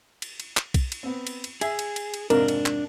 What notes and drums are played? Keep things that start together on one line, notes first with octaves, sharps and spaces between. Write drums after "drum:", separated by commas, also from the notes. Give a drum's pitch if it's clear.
drum: cymbal
drum: cymbal
drum: clap
drum: kick B1, cymbal
drum: cymbal
B3 C4
drum: cymbal
drum: cymbal
G#4 E5, drum: cymbal
drum: cymbal
drum: cymbal
drum: cymbal
F2 G#2 C3 D4 A#4, drum: cymbal
drum: cymbal
drum: clap